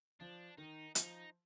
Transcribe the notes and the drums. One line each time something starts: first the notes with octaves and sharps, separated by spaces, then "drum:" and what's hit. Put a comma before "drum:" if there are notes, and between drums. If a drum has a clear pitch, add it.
F3 D4
D#3 D#4
F3 D#4, drum: hi-hat